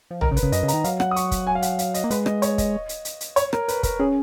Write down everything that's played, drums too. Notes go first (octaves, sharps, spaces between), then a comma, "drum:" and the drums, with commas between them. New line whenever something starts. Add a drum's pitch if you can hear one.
F3
D#3 A#4, drum: tom
C#3
B4, drum: hi-hat
C#3
F#2 D#5, drum: hi-hat
C#3
A#5, drum: hi-hat
D#3
F#3 F5, drum: hi-hat
F#5, drum: rim click
D#6
C#6, drum: hi-hat
drum: kick, hi-hat
G#5
F5
F#5, drum: hi-hat
F5, drum: hi-hat
D#5, drum: hi-hat
A#3
G#3 B4, drum: hi-hat
D#5, drum: rim click
C#5, drum: hi-hat
D#5, drum: kick, hi-hat
drum: hi-hat
drum: hi-hat
drum: hi-hat
C#5, drum: hi-hat
A#4, drum: rim click
B4, drum: hi-hat
A#4, drum: kick, hi-hat
C#4 G#4